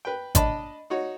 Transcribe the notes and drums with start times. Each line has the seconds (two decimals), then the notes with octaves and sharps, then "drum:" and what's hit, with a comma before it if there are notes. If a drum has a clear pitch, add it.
0.05 B4 G5
0.35 D4 D#5 A5 B5, drum: kick, hi-hat
0.90 D#4 F#4 C#5